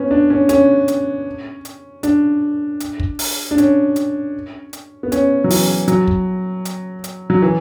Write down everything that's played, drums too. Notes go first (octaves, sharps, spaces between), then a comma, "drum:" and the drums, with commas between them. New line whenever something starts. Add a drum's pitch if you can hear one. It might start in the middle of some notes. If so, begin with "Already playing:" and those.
Already playing: B3 C#4
D4
C#4
C#4, drum: hi-hat
drum: hi-hat
drum: hi-hat
D4, drum: hi-hat
drum: hi-hat
drum: kick
drum: open hi-hat
D4
C#4, drum: hi-hat
drum: hi-hat
drum: hi-hat
B3
C#4, drum: hi-hat
F#3
E3, drum: open hi-hat
F#3, drum: hi-hat
drum: kick
drum: hi-hat
drum: hi-hat
F#3
E3